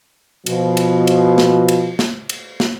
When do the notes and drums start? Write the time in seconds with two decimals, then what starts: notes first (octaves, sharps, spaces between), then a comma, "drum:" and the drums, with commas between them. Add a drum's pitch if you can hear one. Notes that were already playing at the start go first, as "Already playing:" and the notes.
0.46 B2 F3, drum: cymbal
0.77 drum: cymbal
1.07 drum: cymbal
1.38 drum: snare
1.68 drum: cymbal
1.99 drum: snare
2.29 drum: cymbal
2.60 drum: snare